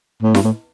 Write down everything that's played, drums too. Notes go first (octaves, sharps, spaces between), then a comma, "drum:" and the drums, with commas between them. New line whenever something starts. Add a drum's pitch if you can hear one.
A2
G2, drum: snare E4
A2